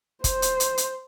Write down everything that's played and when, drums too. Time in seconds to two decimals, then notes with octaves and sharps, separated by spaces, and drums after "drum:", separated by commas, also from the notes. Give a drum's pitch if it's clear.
0.24 C5, drum: kick, hi-hat
0.42 drum: hi-hat
0.60 drum: hi-hat
0.78 drum: hi-hat